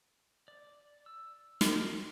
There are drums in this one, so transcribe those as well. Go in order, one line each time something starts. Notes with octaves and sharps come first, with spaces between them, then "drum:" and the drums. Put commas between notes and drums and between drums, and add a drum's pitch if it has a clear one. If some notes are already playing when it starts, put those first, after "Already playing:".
D5
E6
F6, drum: snare